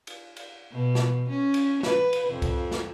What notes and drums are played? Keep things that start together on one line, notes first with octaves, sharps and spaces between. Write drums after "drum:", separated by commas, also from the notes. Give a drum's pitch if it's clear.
drum: cymbal
drum: cymbal
B2
drum: snare
C#4
drum: cymbal
B4, drum: snare
drum: cymbal
F2
drum: kick C2, cymbal
drum: snare